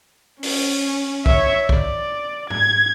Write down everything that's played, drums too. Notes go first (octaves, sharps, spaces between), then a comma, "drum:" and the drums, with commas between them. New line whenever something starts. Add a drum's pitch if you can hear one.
C#4, drum: open hi-hat
C#5 E5, drum: kick B1
D5, drum: kick B1
G#6, drum: tom G#2